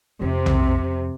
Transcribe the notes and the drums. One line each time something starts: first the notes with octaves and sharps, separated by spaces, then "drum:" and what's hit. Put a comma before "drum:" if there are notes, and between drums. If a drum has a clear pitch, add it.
F2 C3
drum: tom B1